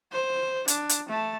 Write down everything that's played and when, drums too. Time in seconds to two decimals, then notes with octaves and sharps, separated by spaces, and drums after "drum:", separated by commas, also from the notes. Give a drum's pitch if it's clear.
0.12 C5
0.68 D4, drum: hi-hat
0.89 drum: hi-hat
1.09 A3 A5